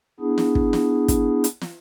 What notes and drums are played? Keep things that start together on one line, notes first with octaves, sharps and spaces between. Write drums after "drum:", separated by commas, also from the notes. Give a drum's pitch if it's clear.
B3 D4 E4 G#4
drum: snare
drum: kick
drum: snare
drum: kick, hi-hat
drum: hi-hat
drum: snare